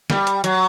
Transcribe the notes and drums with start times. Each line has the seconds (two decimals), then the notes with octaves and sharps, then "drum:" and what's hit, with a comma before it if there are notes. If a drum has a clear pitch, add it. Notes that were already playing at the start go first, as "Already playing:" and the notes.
0.10 G3, drum: snare
0.27 drum: hi-hat
0.44 F#3, drum: hi-hat